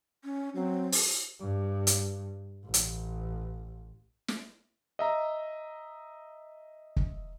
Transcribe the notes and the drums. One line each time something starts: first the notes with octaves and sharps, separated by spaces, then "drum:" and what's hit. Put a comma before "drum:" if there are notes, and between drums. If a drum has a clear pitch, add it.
C#4
F#3 C4
drum: open hi-hat
G2
drum: hi-hat
A1
drum: hi-hat
drum: snare
D#5 E5 A#5
drum: kick